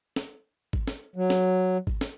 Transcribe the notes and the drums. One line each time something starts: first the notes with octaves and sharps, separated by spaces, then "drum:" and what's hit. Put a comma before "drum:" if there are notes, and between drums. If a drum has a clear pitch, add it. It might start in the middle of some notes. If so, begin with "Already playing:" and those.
drum: snare
drum: kick
drum: snare
F#3
drum: snare
drum: kick
drum: snare